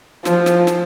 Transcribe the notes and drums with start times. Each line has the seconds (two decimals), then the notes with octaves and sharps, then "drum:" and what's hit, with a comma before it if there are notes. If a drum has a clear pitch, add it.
0.25 F3, drum: snare
0.46 drum: snare
0.67 drum: snare